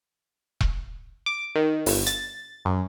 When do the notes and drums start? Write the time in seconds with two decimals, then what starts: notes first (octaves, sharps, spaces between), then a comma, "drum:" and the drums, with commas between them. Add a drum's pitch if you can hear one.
0.61 drum: kick E1
1.26 D6
1.56 D#3
1.86 G1, drum: open hi-hat
2.07 A6, drum: hi-hat
2.65 F#2